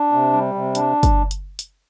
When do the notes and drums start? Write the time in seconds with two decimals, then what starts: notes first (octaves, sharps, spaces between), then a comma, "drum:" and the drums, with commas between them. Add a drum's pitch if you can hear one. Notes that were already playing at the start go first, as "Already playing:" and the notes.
Already playing: D4
0.12 C3
0.33 G3
0.54 C3
0.75 D4, drum: hi-hat
1.03 drum: kick, hi-hat
1.31 drum: hi-hat
1.59 drum: hi-hat